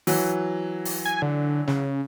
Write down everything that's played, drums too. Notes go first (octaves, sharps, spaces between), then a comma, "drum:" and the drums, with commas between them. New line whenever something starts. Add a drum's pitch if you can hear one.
E3 F#3, drum: open hi-hat
drum: open hi-hat
G#5
D3
C#3, drum: snare